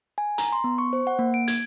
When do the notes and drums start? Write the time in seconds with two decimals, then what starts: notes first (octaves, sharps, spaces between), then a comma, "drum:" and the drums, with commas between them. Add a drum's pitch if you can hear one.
0.18 G#5
0.38 A#5, drum: hi-hat
0.52 C6
0.64 B3
0.78 C#6
0.93 C5
1.07 F#5
1.19 A#3
1.34 D7
1.48 G#6, drum: hi-hat